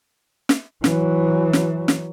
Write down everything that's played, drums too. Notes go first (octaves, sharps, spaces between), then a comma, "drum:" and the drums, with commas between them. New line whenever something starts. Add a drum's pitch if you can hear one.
drum: snare
E3 F#3, drum: snare
drum: snare
drum: snare